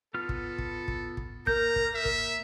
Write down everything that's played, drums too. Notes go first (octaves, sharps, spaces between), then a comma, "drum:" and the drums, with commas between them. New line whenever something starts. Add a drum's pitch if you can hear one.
B3 F4 A4 F6
drum: kick
drum: kick
drum: kick
drum: kick
A#3 A#4 A#5 G6, drum: kick
drum: kick
E5
drum: kick